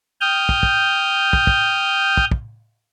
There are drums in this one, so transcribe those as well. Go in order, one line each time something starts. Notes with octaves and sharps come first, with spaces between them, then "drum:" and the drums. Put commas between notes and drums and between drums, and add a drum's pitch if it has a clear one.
G5 D#6 F6 G6
drum: kick
drum: kick
drum: kick
drum: kick
drum: kick
drum: kick